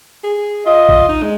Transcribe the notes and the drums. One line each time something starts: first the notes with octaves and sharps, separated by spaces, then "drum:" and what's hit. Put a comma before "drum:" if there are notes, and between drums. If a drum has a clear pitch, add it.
G#4
F4 D#5
drum: kick
D#4
G#3